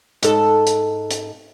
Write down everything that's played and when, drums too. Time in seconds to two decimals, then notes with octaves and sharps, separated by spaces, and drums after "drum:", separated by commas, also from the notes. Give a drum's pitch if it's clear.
0.22 G#2 A4, drum: hi-hat
0.66 drum: hi-hat
1.10 drum: hi-hat